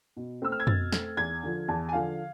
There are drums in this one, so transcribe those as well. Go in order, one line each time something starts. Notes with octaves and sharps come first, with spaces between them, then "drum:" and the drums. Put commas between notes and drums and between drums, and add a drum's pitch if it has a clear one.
B2
A3 C4 E6
F6
G#6
B2 A6, drum: tom
A3 C4, drum: snare
E2 G#6
D3 F3
E2 A5
G#5
D3 F3 F5